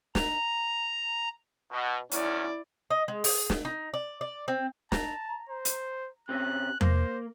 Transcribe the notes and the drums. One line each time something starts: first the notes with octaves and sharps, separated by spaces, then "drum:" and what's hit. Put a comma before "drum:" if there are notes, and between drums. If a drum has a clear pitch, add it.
A#5, drum: snare
B2
B1 E2 C#4 E4 D5, drum: hi-hat
D#5
G#3
G#4, drum: open hi-hat
drum: snare
D#4
D5
D5
C4
A5 A#5, drum: snare
C5
drum: hi-hat
C3 C4 C#4 F#6
A#3 C5, drum: tom E2